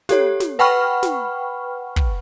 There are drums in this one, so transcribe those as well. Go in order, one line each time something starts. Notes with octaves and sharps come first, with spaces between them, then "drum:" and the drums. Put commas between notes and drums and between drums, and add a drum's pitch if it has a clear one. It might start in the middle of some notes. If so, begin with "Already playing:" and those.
G4 A4 C#5, drum: snare
drum: snare
B4 F#5 G5 B5 C#6 F6
drum: snare
drum: kick